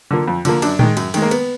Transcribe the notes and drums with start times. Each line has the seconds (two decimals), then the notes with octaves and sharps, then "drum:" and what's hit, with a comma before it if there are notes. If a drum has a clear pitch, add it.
0.11 D3 F3 A#3
0.28 F2
0.45 D3 F3 A#3, drum: cymbal
0.62 F#2 D4, drum: cymbal
0.79 D#3 G#3, drum: tom A2
0.97 F#2, drum: cymbal
1.14 D#3 G#3, drum: cymbal
1.22 A#3
1.31 B3, drum: cymbal